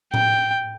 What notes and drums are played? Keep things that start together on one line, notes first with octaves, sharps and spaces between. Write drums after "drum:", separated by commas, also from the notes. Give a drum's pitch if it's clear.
G5, drum: tom A2